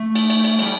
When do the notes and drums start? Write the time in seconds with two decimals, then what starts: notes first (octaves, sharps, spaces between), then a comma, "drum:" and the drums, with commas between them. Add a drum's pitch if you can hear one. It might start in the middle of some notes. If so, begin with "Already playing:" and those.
Already playing: A3
0.15 drum: cymbal
0.30 drum: cymbal
0.44 drum: cymbal
0.59 G3, drum: cymbal